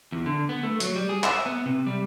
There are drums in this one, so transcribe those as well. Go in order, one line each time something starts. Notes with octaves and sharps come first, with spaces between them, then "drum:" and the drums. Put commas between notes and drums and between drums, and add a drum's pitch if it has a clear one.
E2
D3
B3
A3
F#3, drum: hi-hat
G3
G#4
E5, drum: clap
B3
C3
G3